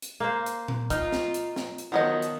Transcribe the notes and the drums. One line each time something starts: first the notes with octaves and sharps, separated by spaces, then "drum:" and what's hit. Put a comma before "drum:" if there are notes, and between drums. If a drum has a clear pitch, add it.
drum: hi-hat
A#3 C5
drum: hi-hat
drum: tom A#2
D#4 F4 F6, drum: kick, hi-hat
drum: snare
drum: hi-hat
drum: snare
drum: hi-hat
D#3 F3 F#3 B3 D#5 F#5 D#6 G6
drum: hi-hat